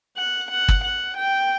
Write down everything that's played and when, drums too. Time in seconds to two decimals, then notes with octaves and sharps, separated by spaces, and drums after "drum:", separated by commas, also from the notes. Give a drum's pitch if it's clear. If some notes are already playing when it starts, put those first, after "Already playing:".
0.17 F#5
0.51 F#5
0.68 drum: kick
0.84 F#5
1.17 G5